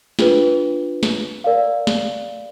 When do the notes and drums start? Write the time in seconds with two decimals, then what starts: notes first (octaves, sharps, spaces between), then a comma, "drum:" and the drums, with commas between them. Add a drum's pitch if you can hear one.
0.19 D4 F4 G#4 B4, drum: snare
1.03 drum: snare
1.44 A#4 D5 F5
1.87 drum: snare